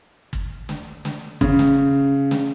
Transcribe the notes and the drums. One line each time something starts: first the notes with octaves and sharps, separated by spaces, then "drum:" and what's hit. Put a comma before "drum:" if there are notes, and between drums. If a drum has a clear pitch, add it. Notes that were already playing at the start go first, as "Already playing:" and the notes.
drum: kick
drum: snare
drum: snare
C#3, drum: kick
drum: snare
drum: snare